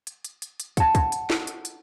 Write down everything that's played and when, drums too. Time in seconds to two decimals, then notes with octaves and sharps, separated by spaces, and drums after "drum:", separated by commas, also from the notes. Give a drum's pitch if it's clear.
0.07 drum: hi-hat
0.24 drum: hi-hat
0.42 drum: hi-hat
0.60 drum: hi-hat
0.77 F#5 A5, drum: kick, hi-hat
0.95 drum: kick, hi-hat
1.12 drum: hi-hat
1.30 drum: snare
1.47 drum: hi-hat
1.65 drum: hi-hat